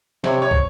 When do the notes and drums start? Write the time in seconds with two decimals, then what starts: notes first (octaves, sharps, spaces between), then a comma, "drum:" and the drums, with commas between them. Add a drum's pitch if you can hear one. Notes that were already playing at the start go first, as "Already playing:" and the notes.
0.24 C3 C#5, drum: snare
0.42 C#5
0.51 drum: kick